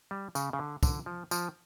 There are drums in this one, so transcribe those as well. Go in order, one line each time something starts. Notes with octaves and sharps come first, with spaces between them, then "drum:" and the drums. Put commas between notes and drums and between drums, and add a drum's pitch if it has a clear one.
G3
C#3, drum: tambourine
C#3
D3
D3, drum: kick, tambourine
F3
F3, drum: tambourine